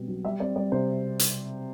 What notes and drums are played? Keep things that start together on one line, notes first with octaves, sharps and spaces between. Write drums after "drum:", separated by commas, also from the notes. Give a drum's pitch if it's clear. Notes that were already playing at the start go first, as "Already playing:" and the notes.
Already playing: B2 G3 C4
B1
G3 E5
C4 D5
G3 D5
C3 C5
drum: hi-hat